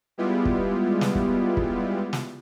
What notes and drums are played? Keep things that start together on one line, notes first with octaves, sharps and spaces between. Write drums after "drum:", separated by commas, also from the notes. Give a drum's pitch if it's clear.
G3 G#3 B3 E4 F4 G4
drum: kick
drum: snare
drum: kick
drum: kick
drum: snare